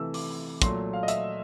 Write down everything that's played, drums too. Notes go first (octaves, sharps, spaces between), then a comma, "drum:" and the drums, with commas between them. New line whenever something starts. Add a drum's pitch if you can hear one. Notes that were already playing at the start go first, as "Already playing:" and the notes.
Already playing: C3 E3 A3 E6
D6, drum: open hi-hat
A#2 F#3 A3 C6, drum: kick, hi-hat
F5
D#5
E5, drum: hi-hat